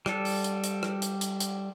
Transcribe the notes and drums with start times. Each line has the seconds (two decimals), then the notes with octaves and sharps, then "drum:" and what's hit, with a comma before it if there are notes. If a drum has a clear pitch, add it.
0.06 G3 A4, drum: rim click
0.25 drum: open hi-hat
0.44 drum: hi-hat
0.64 drum: hi-hat
0.83 drum: rim click
1.02 drum: hi-hat
1.21 drum: hi-hat
1.40 drum: hi-hat